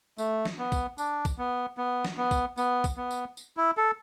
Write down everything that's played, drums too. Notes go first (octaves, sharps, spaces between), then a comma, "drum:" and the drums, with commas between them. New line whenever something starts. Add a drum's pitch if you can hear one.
A3, drum: tambourine
drum: snare
B3
drum: kick, tambourine
D4, drum: tambourine
drum: kick, tambourine
B3
B3
drum: snare
B3
drum: kick, tambourine
B3, drum: tambourine
drum: kick, tambourine
B3
drum: tambourine
drum: tambourine
E4
A4